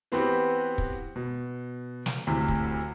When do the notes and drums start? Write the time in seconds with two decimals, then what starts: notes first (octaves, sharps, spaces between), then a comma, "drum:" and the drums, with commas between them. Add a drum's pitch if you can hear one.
0.12 E3 B3 C4 F#4 G4 B4
0.78 drum: kick
1.16 B2
2.06 drum: snare
2.27 D2 A2 C3
2.48 drum: kick